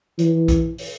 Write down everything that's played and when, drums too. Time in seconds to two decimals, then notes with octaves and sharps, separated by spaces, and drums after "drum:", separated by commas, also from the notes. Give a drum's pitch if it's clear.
0.19 E3, drum: hi-hat
0.48 drum: kick, hi-hat
0.78 drum: open hi-hat